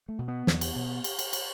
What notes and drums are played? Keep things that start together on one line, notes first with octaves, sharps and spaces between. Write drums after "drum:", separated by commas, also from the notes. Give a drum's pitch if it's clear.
A3
B2
B3
E2, drum: snare
drum: cymbal
B2
drum: cymbal
drum: cymbal
drum: cymbal